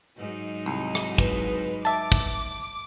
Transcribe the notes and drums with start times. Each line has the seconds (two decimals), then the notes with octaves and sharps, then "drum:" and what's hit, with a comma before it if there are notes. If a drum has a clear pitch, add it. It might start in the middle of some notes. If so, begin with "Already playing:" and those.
0.17 G#2 F#3 D#4
0.66 C2
0.95 drum: rim click
1.18 B4, drum: kick
1.85 E5 A5 D6
2.12 drum: kick